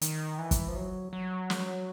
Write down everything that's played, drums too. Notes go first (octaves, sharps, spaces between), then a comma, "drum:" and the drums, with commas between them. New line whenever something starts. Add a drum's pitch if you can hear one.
D#3, drum: hi-hat
E3
drum: kick, hi-hat
F3
F#3
F#3
drum: snare